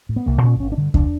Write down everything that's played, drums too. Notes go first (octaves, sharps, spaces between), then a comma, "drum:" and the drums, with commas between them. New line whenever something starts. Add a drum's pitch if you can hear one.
A2
B3
C2 A#3
A#2 C#4
G#1 C#4
D4
G2 D3
C#2 D4, drum: kick E2